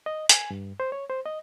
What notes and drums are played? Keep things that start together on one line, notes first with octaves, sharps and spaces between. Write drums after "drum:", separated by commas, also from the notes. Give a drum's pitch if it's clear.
D#5
G#5, drum: hi-hat
G2
C5
C#5
C5
D#5